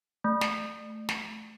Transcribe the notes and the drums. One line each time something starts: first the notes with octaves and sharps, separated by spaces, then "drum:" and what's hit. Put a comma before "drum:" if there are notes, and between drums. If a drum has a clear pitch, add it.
A3
drum: snare
drum: snare